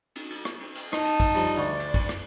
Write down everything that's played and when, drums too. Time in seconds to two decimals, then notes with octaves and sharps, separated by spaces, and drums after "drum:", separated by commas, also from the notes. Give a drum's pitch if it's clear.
0.16 drum: cymbal
0.30 drum: cymbal
0.45 drum: rim click
0.60 drum: cymbal
0.75 drum: cymbal
0.93 D#4 A5, drum: rim click
1.05 drum: cymbal
1.20 drum: kick, cymbal
1.35 G2 F3, drum: cymbal
1.57 D2 D5 C#6
1.79 drum: cymbal
1.94 drum: kick, cymbal
2.09 drum: rim click